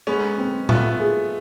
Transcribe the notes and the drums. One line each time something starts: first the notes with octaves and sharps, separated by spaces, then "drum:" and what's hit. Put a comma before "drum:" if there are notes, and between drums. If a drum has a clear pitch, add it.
G#3 B3 C#4
C4
A3 B3 F4, drum: tom A#2
G#4